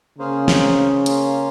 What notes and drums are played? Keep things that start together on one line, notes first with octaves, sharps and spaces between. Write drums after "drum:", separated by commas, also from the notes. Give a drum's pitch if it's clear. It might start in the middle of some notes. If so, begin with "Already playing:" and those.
C#3 A#3 C#4 G#4 C5 F5
drum: snare
A#3 C#4 F4, drum: hi-hat